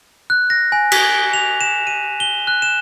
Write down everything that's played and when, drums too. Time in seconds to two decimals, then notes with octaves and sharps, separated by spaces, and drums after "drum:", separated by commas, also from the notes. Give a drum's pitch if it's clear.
0.30 F#6
0.50 A#6
0.72 G#5
0.92 B6, drum: cymbal
1.33 F7
1.61 E7
1.87 D#7
2.20 G7
2.47 F#6
2.62 E7